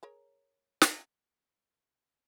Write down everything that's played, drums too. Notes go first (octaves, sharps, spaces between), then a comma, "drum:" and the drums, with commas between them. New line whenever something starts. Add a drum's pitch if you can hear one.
G#4 A#4 C#5
drum: snare